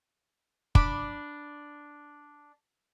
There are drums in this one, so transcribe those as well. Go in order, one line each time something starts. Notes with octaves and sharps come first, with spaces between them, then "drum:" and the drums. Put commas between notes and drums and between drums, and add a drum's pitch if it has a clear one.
D4 B5 D6, drum: kick